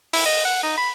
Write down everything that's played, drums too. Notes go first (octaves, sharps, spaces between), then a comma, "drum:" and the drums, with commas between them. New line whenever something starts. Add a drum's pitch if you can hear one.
E4, drum: open hi-hat
D#5
F#5
D#4
B5